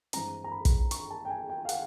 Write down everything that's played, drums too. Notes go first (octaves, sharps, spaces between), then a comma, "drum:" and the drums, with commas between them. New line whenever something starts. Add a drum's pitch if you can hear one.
G2 E3 G#3 C4 A#5, drum: hi-hat
A#5
B5
drum: kick, hi-hat
C#6, drum: hi-hat
A5
G5
G#5
G5
F5
F#5, drum: hi-hat